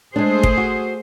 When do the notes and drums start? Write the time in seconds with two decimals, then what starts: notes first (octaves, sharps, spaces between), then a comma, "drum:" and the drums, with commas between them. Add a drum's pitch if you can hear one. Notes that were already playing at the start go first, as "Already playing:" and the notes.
0.16 G#3 A3 D4 G#4 C5
0.43 drum: kick
0.57 F#4